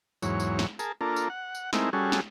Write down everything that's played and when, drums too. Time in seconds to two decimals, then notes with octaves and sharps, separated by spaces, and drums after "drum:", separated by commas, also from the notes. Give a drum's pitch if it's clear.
0.22 E2 G#2 F#3 C#5, drum: tambourine
0.40 drum: tambourine
0.59 drum: snare
0.79 G#4 A#4 A5, drum: tambourine
1.01 A#3 D4 F4 A4 A#4
1.16 drum: tambourine
1.30 F#5
1.55 drum: tambourine
1.73 G#3 A3 C4 D#4 E4 A#4, drum: snare
1.93 G3 C#4 F#4 G#4 A4
2.12 drum: snare